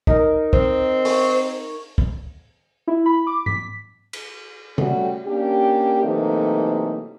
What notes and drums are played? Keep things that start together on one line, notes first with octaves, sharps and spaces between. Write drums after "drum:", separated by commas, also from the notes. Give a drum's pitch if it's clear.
D#4 A#4, drum: kick
C4, drum: kick
C#6, drum: open hi-hat
drum: kick
E4
B5
D6
B6, drum: tom G#2
drum: cymbal
G3 A3 C#4 F#4 G4, drum: tom C3
A#3 C#4 D4 G4
C3 E3 F#3 A3 A#3 D#4